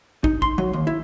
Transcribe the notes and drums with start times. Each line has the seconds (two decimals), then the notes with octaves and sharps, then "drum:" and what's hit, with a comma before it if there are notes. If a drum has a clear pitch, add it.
0.24 D#4, drum: kick
0.42 C6, drum: kick
0.58 F#3
0.73 D#2
0.87 E4